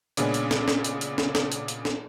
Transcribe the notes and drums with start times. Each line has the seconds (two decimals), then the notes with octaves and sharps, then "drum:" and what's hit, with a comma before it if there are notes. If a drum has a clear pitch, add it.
0.17 A#2 C#3 G#3 B3 C#4 D4, drum: hi-hat
0.34 drum: hi-hat
0.51 drum: snare
0.68 drum: snare
0.84 drum: hi-hat
1.01 drum: hi-hat
1.18 drum: snare
1.35 drum: snare
1.52 drum: hi-hat
1.68 drum: hi-hat
1.85 drum: snare